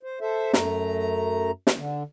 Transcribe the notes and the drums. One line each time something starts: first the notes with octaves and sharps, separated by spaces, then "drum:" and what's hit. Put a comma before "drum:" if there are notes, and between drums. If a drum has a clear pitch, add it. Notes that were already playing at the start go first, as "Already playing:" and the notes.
C5
A4 C5 E5
F#2 A3 A#5, drum: snare
drum: snare
D3